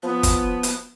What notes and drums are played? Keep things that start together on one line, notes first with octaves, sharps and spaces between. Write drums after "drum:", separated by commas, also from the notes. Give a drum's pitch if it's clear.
F3 B3
drum: kick, hi-hat
drum: hi-hat